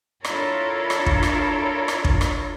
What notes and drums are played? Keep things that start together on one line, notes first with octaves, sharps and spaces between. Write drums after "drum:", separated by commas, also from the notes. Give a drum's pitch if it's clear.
D4 E4 F4 A4 A#4 C#5, drum: rim click
drum: rim click
drum: kick
drum: rim click
drum: rim click
drum: kick
drum: rim click